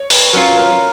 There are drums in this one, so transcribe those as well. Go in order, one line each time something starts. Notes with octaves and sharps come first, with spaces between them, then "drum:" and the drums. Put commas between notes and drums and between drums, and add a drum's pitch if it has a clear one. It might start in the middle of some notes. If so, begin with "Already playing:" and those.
Already playing: C#5
B4, drum: open hi-hat
F#3 C#4 F4 A#4
A#4